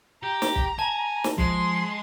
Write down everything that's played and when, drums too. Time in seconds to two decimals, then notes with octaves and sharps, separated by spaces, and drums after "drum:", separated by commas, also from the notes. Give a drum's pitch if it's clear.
0.23 G4 A#5
0.42 drum: snare
0.55 drum: kick
0.79 G#5 A5
1.24 drum: snare
1.38 F3 G#3 C6, drum: kick